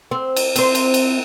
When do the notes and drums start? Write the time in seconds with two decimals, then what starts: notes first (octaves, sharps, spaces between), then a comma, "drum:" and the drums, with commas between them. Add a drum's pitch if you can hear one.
0.11 C4
0.36 drum: cymbal
0.56 C4 C5, drum: cymbal
0.75 drum: cymbal
0.94 drum: cymbal